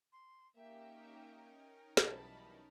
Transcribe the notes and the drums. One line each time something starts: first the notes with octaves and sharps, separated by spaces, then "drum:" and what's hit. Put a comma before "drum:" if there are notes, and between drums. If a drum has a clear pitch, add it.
C6
A#3 C#4 D#4 G4 A#4 E5 G5
B1 B2 E3 G3 A5 B5, drum: snare